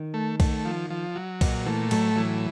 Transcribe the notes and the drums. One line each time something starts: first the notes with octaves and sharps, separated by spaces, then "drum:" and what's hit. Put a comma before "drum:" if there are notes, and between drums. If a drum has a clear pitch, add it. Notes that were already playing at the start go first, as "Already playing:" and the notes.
Already playing: D#3
A3
A3, drum: kick B1, cymbal
F3
F3
F#3
A#2, drum: kick B1, cymbal
E3 A3
A2 F#3, drum: cymbal
E3 F#3